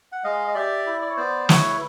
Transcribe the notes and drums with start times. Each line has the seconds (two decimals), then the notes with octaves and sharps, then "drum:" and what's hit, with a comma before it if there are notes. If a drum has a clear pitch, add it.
0.12 F#5
0.24 G#3 D#5 F5
0.48 D#5
0.55 G4 D5 E5
0.86 E4
1.02 D5
1.10 C#5
1.17 B3 C5 D5
1.49 E4 B4 C#5, drum: snare